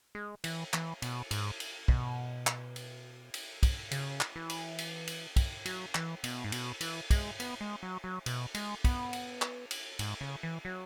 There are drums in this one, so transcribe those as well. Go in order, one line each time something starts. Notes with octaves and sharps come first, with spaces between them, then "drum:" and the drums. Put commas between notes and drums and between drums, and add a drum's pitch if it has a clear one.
G#3
E3, drum: cymbal
E3, drum: clap
B2, drum: cymbal
G#2, drum: cymbal
drum: cymbal
B2, drum: kick
drum: clap
drum: cymbal
drum: cymbal
drum: kick, cymbal
C#3, drum: cymbal
drum: clap
E3
drum: cymbal
drum: cymbal
drum: cymbal
drum: kick, cymbal
F#3, drum: cymbal
E3, drum: clap
B2, drum: cymbal
G#2
B2, drum: cymbal
E3, drum: cymbal
G#3, drum: kick, cymbal
B3, drum: cymbal
G#3
F#3
F#3
B2, drum: cymbal
G#3, drum: cymbal
B3, drum: kick, cymbal
drum: cymbal
drum: clap
drum: cymbal
G#2, drum: cymbal
C#3
E3
F#3